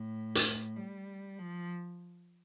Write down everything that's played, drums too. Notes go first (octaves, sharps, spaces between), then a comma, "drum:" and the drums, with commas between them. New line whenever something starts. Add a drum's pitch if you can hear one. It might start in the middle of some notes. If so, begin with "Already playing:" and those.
Already playing: A2
drum: hi-hat
G3
F3